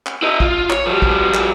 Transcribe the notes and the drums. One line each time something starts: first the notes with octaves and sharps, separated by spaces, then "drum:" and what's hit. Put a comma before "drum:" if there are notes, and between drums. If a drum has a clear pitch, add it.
drum: clap
E4 D#5
F4, drum: kick
C#5, drum: clap
F3 G3
drum: kick
drum: clap